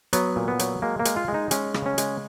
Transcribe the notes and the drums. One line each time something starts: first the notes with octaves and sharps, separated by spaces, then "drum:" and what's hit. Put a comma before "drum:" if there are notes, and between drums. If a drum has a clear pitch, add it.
F#3 B3, drum: hi-hat
A#2
B3
F#3, drum: hi-hat
G#3 A#3
A#3
G#3, drum: hi-hat
F4
G#3
D#4
G#3 C#4, drum: hi-hat
C#3, drum: rim click
C#4
G#3, drum: hi-hat